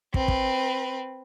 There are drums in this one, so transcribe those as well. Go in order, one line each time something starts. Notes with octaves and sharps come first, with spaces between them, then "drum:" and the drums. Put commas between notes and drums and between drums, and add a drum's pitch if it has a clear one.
C4 B4, drum: kick
drum: kick